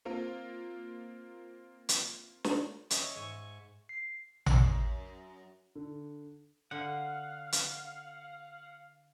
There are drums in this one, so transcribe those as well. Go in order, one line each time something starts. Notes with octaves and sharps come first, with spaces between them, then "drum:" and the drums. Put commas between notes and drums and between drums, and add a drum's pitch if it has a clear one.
A#3 C4 F4 A#4
drum: hi-hat
drum: snare
C#4 G#4 C#5 D#5 E5, drum: hi-hat
G#2 E5 G#5 C#6
C7
F#2, drum: tom A1
D3
D3 F5 F#5
drum: hi-hat